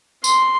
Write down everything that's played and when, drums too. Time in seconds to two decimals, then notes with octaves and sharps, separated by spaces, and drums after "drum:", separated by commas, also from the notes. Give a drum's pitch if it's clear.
0.24 C6, drum: tambourine